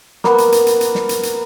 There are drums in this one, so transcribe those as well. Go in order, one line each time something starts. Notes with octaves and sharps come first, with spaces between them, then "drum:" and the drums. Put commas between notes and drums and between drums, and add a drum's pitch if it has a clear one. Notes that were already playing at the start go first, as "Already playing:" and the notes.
A#3 B3, drum: snare
drum: hi-hat
drum: hi-hat
drum: hi-hat
drum: hi-hat
drum: snare
drum: hi-hat
drum: hi-hat